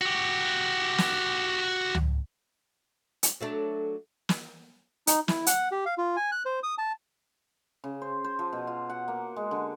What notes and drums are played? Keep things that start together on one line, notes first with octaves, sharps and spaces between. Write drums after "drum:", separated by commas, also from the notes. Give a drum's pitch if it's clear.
F#4 G4
drum: snare
drum: tom C#2
drum: hi-hat
F#3 A3 D4
drum: snare
D#4, drum: hi-hat
E4, drum: snare
F#5, drum: hi-hat
G4
F5
F4
G#5
F#6
C5
D#6
A5
C#3
C5
C5
F3
B2
F4
F#5
A#3
G#3
D3